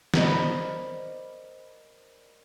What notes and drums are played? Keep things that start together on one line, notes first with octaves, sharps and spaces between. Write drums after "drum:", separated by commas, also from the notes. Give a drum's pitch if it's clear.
A#4 C5 D5 D#5 B5, drum: snare